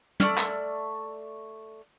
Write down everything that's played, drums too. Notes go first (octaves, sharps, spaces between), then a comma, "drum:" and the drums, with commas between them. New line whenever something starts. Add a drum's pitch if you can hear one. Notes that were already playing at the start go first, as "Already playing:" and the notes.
A3 D5 E6 F6, drum: tom
drum: clap